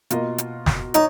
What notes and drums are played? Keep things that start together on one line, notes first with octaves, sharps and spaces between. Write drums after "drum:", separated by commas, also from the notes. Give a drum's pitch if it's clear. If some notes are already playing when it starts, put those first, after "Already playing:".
B2 A#3 F4 A#4 D#5, drum: hi-hat
drum: hi-hat
drum: snare
D#4 C#5, drum: hi-hat